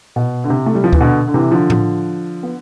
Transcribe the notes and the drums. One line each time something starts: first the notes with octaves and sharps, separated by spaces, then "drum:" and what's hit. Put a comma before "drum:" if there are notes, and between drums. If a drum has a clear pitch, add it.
B2
D3
C3
A3
G3
F3
E3, drum: kick D2
B2 D3
D3
C3 E3
D3 F3
drum: tom A2
B3